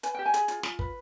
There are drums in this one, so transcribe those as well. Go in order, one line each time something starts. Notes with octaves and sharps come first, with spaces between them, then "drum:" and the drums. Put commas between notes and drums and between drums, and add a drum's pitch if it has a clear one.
B4 G#5, drum: hi-hat
G4 G5
G#5
G#4, drum: hi-hat
F4, drum: hi-hat
F4, drum: snare
B4, drum: kick